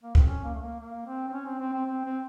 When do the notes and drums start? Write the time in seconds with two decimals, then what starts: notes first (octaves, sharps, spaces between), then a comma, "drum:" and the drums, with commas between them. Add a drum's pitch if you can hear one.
0.03 A#3
0.15 C4, drum: kick C#2
0.26 C#4
0.44 A#3
0.54 A3
0.62 A#3
0.80 A#3
1.06 C4
1.28 C4
1.33 C#4
1.46 C4
1.59 C4
1.73 C4
1.86 C4
2.05 C4